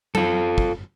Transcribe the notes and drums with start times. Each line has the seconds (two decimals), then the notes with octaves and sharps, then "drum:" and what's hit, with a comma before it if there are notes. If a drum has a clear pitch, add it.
0.15 F4 A4, drum: tom F#3
0.58 drum: kick